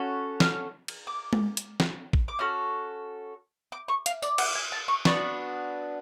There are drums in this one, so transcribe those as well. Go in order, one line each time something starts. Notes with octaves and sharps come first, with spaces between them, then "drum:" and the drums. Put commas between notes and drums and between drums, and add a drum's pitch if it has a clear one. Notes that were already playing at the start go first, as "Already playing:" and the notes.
Already playing: C#4 F#4 A4
F6, drum: snare
drum: cymbal
D6
drum: tom G#3
drum: hi-hat
drum: snare
drum: kick A#1
D6
C#4 F#4 A4 F6
D6
C#6
F5, drum: hi-hat
D5, drum: tambourine
F#5, drum: cymbal
G#5
A5
C#6
B3 D4 F#4 C#6, drum: snare